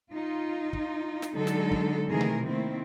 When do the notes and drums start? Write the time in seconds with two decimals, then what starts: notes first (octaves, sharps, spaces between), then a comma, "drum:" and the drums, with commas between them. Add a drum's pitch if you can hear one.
0.11 D#4 F4
0.73 drum: kick
1.22 drum: snare
1.33 D3 F#3 G#3 D#4 A4
1.47 drum: snare
1.71 drum: kick
2.09 C3 D#3 E3 A3 G#4 A#4
2.21 drum: tom B2
2.45 D#3 A3 A#3 C4 E4